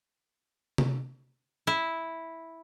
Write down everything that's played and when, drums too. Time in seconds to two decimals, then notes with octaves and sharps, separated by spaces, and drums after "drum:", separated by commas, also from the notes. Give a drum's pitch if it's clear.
0.78 drum: tom C3
1.67 E4